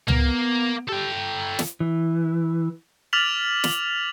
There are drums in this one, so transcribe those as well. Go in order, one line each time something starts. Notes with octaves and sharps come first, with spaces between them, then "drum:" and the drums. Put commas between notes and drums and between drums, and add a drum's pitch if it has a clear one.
A#3 B3, drum: tom C#2
G4 A4 G5
A#5
drum: snare
E3
D6 F6 A6 B6 F7 F#7
drum: snare